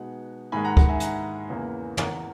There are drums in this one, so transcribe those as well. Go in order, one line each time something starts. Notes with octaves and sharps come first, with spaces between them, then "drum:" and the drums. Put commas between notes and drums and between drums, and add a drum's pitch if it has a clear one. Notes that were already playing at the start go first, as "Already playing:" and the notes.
Already playing: B2 G#3 B3 D#4 F#5
G#2 D#3 G#3 G#5 B5
F#5 A#5
F#5 A#5, drum: kick
E5 G#5
F#5 A#5, drum: hi-hat
E2 C#3 E3 A#3
F#5 A#5, drum: tom